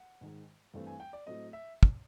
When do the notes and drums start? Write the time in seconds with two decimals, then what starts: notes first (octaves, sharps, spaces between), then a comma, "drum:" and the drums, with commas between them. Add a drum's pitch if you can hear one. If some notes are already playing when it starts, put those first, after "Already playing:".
Already playing: F#5
0.21 G#2 D#3 G#3
0.74 G2 E3 A3 C4
0.87 G#5
1.00 G5
1.13 D5
1.26 A2 F#3 A3 C4 D#5
1.53 E5
1.83 drum: kick